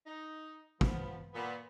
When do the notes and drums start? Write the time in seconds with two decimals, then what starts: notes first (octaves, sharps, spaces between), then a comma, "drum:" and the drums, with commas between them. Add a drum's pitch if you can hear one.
0.07 D#4
0.81 F3 B3, drum: kick
1.34 A#2 B3